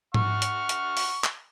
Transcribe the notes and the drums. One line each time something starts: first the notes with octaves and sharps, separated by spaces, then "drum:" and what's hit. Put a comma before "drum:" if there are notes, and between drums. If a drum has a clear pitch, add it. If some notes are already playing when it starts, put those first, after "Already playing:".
F#5 C#6 F6, drum: tom G#2
drum: hi-hat
drum: hi-hat
drum: open hi-hat
drum: clap